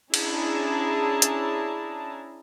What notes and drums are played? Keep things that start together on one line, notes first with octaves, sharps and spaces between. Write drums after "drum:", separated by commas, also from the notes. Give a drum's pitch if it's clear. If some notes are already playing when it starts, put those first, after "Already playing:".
C#4 D4 E4 G#4 A5 A#5, drum: cymbal
drum: hi-hat